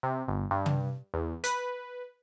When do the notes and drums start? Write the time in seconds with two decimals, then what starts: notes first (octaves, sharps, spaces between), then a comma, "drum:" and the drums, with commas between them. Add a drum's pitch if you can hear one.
0.03 C3
0.28 G1
0.51 G2
0.66 drum: tom
1.14 E2
1.44 B4, drum: hi-hat